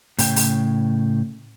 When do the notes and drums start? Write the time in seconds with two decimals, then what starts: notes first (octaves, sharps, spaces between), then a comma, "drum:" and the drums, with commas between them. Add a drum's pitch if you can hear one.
0.19 A2 C#3 G5, drum: open hi-hat
0.36 drum: open hi-hat